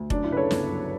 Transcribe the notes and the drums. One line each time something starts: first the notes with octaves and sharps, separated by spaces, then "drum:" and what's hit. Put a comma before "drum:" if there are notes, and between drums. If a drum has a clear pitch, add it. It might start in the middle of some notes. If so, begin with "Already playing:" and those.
Already playing: D2
F#2 D4, drum: kick F1
E4
C#3 B4
A4 C#5
G1, drum: snare
F#3